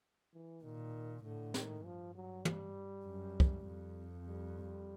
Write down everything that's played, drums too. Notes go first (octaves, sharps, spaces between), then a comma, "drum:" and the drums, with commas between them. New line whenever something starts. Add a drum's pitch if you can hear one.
E3
A#2 D#3
A2 D3
D#3, drum: snare
G2 F3
F#3
G3, drum: tom
F#2
drum: kick
F2
G3